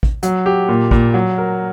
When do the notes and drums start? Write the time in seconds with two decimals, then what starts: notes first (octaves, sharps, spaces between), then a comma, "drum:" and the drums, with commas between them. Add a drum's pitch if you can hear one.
0.03 drum: kick
0.23 F#3, drum: hi-hat
0.46 G4
0.68 A#2
0.91 A#2, drum: kick
1.14 F#3
1.38 A#4